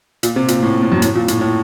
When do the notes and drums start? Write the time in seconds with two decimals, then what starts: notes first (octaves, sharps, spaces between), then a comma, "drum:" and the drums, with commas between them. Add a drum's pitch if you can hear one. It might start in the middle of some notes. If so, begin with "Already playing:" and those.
0.23 A#2, drum: hi-hat
0.36 C3
0.48 A#2, drum: hi-hat
0.63 A2
0.82 A2
0.92 F#2
1.02 A2, drum: hi-hat
1.15 A#2
1.28 A2, drum: hi-hat
1.41 A2